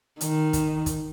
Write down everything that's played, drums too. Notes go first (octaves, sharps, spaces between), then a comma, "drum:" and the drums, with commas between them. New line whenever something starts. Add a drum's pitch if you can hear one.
D#3, drum: hi-hat
drum: kick, hi-hat
drum: kick, hi-hat